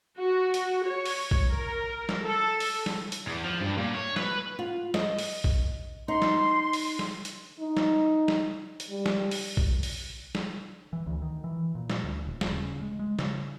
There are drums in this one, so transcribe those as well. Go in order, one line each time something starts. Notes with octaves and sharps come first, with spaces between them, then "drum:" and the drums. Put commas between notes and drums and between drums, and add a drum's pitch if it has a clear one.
F#4
drum: hi-hat
C#5
drum: open hi-hat
drum: kick A#1
A#4
drum: snare
A4
drum: open hi-hat
drum: snare
drum: hi-hat
E2
F3
G2
A#2
C#5
B4, drum: snare
F4
D#5, drum: snare
drum: open hi-hat
drum: kick A#1
D#4 C6
drum: snare
drum: open hi-hat
drum: snare
drum: hi-hat
D#4
drum: snare
drum: snare
drum: hi-hat
G3
drum: snare
drum: open hi-hat
drum: kick A#1
drum: open hi-hat
drum: snare
E3
D2
D#3
E3
A#2
drum: snare
D2
D#1
drum: snare
C#3
G#3
G#3
C#3, drum: snare